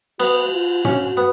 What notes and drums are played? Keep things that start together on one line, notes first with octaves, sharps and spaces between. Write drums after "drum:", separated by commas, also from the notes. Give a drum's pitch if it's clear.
B3 F#4, drum: cymbal
F4
C#4 F#4, drum: tom
B3